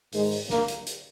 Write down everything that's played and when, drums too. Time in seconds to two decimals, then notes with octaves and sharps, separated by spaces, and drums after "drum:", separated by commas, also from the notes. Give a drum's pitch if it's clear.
0.12 G#2 D#3 G#3, drum: open hi-hat
0.31 drum: open hi-hat
0.50 A#3, drum: snare
0.68 drum: hi-hat
0.87 drum: hi-hat